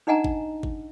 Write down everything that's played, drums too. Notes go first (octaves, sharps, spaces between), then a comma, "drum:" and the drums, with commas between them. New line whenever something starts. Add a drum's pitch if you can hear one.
D4 D#4 D#5 F#5 G#5 A#5
drum: kick G#1
drum: kick G#1